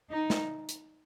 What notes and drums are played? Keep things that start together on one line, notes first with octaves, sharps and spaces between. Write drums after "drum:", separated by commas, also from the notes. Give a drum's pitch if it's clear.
D#4
drum: snare
drum: hi-hat